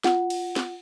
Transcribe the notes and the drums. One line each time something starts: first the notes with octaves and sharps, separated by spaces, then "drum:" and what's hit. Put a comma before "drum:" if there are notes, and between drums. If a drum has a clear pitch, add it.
F4 F#5, drum: snare
drum: cymbal
drum: snare